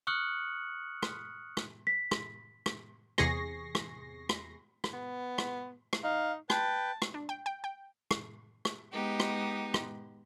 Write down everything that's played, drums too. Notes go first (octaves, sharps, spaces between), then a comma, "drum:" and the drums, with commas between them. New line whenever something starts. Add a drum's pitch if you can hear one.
C#6 D#6 F6 F#6 C#7 F#7
drum: rim click
drum: rim click
B6
drum: rim click
drum: rim click
E2 C3 G#4 C#6 A#6 C7, drum: rim click
drum: rim click
drum: rim click
drum: rim click
B3
drum: rim click
drum: rim click
D#4 F5
B4 G5 A5, drum: rim click
drum: rim click
D4
G5
G5
G5
drum: rim click
drum: rim click
G#3 B3 D#4 G4
drum: rim click
drum: rim click